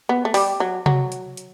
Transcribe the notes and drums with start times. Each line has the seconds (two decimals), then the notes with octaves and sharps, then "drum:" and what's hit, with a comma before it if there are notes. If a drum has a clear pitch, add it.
0.09 B3
0.25 A3
0.34 G3, drum: open hi-hat
0.60 F#3
0.86 F#3, drum: tom C3
1.12 drum: hi-hat
1.37 drum: hi-hat